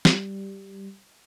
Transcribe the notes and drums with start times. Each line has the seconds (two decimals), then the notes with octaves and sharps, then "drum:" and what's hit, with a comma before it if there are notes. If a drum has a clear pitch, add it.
0.05 G3, drum: snare